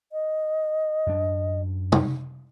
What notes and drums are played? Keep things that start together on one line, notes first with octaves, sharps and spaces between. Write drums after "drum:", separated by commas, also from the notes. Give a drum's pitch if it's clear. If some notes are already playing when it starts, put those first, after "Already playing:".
D#5
F#2 D4
drum: tom